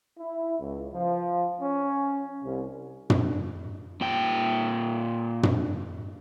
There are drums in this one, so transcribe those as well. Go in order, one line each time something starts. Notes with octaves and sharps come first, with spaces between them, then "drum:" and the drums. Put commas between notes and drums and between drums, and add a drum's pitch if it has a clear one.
E4
C#2
F3
C#4
C2
drum: tom
A#2 G5
drum: tom